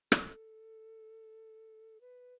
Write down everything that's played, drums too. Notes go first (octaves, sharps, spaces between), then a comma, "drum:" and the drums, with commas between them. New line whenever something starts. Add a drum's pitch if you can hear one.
A4, drum: rim click
B4